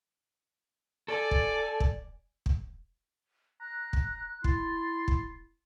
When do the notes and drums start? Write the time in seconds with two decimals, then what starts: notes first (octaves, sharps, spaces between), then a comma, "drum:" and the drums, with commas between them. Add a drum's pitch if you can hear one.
1.08 A4 D5 G#5
1.31 drum: kick
1.80 drum: kick
2.46 drum: kick
3.60 A#5 F#6
3.93 drum: kick
4.44 E4 C6 A6, drum: kick
5.08 drum: kick